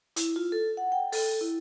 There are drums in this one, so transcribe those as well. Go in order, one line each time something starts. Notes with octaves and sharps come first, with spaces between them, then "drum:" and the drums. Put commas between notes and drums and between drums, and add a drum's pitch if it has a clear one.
E4, drum: hi-hat
F4
A4
F#5
G5
A4, drum: open hi-hat
E4